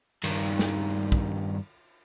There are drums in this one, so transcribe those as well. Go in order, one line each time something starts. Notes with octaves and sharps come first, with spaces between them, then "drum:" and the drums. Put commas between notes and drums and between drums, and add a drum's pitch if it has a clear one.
G2 D#3, drum: cymbal
drum: snare
drum: kick